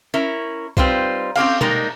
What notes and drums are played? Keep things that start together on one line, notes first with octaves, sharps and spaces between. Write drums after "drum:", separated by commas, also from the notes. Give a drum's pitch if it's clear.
C#4 E4 A#4
G3 C4 D#4 F4 B4 C5, drum: kick
C4 C#4 G4 F5, drum: cymbal
G3 G#3 A#3 D#4 A#4, drum: tom B2